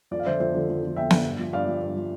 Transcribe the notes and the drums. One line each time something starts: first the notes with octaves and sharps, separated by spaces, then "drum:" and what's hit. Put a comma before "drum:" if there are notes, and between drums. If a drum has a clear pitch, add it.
F2 D5
F5
D3 F3 C5 E5
F2 C5 E5
D3 F3
F2
D3 F3
F2 E5 G5
D3 F3, drum: snare
G2
F3
G2 D5 F5
F3
G2
F3